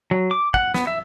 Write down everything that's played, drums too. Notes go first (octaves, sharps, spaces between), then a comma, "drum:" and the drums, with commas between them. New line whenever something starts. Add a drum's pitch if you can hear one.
F#3
D6
F#5, drum: kick
B3, drum: snare
E5